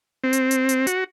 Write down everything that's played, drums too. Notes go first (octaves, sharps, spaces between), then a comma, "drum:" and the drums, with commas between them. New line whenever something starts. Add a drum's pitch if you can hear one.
C4
drum: hi-hat
drum: hi-hat
drum: hi-hat
F#4, drum: hi-hat